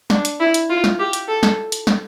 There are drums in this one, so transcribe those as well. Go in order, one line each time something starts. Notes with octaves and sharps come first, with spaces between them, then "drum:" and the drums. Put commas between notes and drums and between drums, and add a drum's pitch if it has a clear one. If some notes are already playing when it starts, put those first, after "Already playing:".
D4, drum: snare
drum: hi-hat
E4
drum: hi-hat
F4
drum: snare
G4
drum: hi-hat
A4
drum: snare
drum: hi-hat
drum: snare